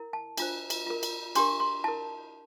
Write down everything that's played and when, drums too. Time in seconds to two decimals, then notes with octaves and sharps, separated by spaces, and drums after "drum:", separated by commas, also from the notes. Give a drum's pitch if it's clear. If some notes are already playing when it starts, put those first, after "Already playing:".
Already playing: E4 A#4
0.13 A5
0.38 D4 F4 C5, drum: cymbal
0.70 drum: cymbal
0.87 F4 A#4
1.03 drum: cymbal
1.35 D4 G4 A#4 C6, drum: cymbal
1.60 C6
1.84 E4 A#4 A5